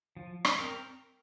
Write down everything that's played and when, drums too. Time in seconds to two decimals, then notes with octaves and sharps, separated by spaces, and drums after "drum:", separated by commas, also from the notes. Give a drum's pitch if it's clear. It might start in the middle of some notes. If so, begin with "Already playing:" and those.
0.17 F3
0.45 drum: rim click
0.59 C4 A#4